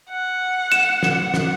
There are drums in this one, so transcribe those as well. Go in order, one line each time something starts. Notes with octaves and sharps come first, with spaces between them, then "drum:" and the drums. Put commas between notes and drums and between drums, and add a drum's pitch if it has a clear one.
F#5
E7, drum: hi-hat
drum: snare
drum: snare